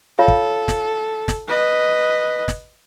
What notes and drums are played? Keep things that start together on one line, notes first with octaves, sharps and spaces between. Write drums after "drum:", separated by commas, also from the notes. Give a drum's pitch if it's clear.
F4 A4 C#5 F5
drum: kick
drum: snare
drum: snare
B4 D#5
drum: snare